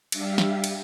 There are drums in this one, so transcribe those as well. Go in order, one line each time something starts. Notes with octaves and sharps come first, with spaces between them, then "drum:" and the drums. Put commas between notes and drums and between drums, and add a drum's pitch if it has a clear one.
G3 D4 G4 E5 F5, drum: cymbal
drum: snare
drum: cymbal